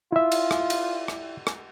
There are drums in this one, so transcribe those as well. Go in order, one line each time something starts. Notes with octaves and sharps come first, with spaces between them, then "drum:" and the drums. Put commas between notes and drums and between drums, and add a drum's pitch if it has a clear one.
E4 F4 E5
drum: cymbal
drum: rim click
drum: cymbal
drum: rim click
drum: rim click